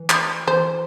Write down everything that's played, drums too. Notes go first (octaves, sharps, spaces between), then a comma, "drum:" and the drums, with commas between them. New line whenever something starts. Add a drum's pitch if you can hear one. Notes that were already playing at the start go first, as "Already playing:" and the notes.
Already playing: E3
drum: clap
E3 C5